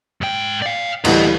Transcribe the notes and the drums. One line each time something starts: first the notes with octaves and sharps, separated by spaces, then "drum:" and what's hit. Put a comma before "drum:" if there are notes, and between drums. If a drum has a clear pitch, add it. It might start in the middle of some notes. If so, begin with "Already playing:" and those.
G#2 G5
D5 F5
D2 E3 G3 B3 D#5, drum: cymbal